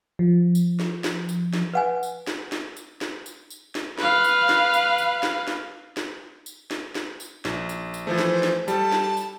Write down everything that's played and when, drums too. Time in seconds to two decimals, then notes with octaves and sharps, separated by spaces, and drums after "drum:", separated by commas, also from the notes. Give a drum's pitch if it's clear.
0.19 F3
0.55 drum: tambourine
0.80 drum: snare
1.04 drum: snare
1.29 drum: tambourine
1.53 drum: snare
1.73 B4 F#5 G#5
2.03 drum: tambourine
2.27 drum: snare
2.52 drum: snare
2.77 drum: tambourine
3.01 drum: snare
3.26 drum: tambourine
3.50 drum: tambourine
3.75 drum: snare
3.98 B4 F5, drum: snare
4.24 drum: tambourine
4.49 drum: snare
4.74 drum: tambourine
4.98 drum: tambourine
5.23 drum: snare
5.48 drum: snare
5.97 drum: snare
6.46 drum: tambourine
6.71 drum: snare
6.95 drum: snare
7.20 drum: tambourine
7.45 A#1, drum: snare
7.69 drum: tambourine
7.94 drum: tambourine
8.07 E3 F3 A3 C5
8.18 drum: snare
8.43 drum: snare
8.68 G3 A4 A5, drum: tambourine
8.92 drum: snare
9.17 drum: tambourine